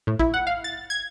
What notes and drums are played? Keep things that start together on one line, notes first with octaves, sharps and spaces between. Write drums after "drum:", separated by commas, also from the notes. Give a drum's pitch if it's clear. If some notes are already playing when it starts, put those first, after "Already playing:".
A2
E4, drum: kick A1
F#5
F5
A6
G#6